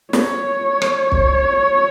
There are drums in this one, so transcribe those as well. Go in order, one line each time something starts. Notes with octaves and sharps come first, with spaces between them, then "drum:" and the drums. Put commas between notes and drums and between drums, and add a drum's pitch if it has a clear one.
C#5, drum: snare
drum: rim click
drum: kick